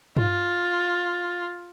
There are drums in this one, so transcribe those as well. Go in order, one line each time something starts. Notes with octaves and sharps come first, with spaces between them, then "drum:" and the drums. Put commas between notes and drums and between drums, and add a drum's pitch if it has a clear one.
F4, drum: tom G2